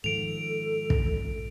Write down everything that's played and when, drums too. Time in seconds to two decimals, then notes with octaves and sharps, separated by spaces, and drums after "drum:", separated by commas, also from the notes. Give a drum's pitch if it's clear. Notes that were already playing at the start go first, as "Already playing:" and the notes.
0.04 G#2 D#3 F3 A4 D7 F7
0.90 drum: kick